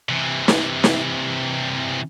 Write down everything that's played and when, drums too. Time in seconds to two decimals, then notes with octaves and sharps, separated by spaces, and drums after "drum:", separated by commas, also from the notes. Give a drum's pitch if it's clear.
0.09 C3 E3
0.48 drum: snare
0.84 drum: snare